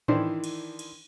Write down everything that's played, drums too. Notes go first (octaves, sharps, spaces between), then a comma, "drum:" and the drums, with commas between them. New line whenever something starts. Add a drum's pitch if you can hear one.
D#3 E3 D4 E4 C5, drum: tom A2
drum: cymbal
drum: cymbal